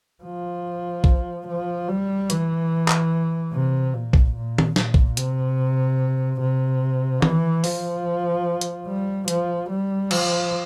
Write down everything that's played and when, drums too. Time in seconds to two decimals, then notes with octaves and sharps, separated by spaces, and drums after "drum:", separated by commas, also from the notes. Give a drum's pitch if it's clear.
0.24 F3
1.04 drum: kick
1.47 F3
1.89 G3
2.30 E3, drum: hi-hat
2.88 drum: clap
3.53 C3
3.94 A#2
4.13 drum: kick
4.35 A#2
4.58 drum: tom D#3
4.76 A#2, drum: snare
4.94 drum: kick
5.17 C3, drum: hi-hat
6.41 C3
7.22 E3, drum: tom D#3
7.64 F3, drum: open hi-hat
8.61 drum: hi-hat
8.87 G3
9.28 F3, drum: hi-hat
9.69 G3
10.11 F3, drum: cymbal